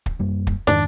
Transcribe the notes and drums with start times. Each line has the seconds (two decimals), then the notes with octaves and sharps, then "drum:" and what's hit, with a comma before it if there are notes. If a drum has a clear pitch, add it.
0.06 drum: kick
0.19 F#2 G3 A#3
0.47 drum: kick
0.67 F2 G#2 D#3 D4, drum: snare